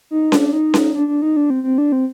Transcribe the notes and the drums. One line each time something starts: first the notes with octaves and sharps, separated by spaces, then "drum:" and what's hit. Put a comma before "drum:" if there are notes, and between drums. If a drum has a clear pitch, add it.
D#4
D4, drum: snare C#4
D#4
drum: snare C#4
D4
D4
D#4
D4
C4
C4
D4
C4